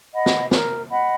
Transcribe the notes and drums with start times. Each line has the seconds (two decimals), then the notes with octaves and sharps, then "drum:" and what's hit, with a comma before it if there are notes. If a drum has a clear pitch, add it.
0.13 D#5 F#5 B5
0.26 drum: snare
0.51 A#4, drum: snare
0.89 D#5 F#5 B5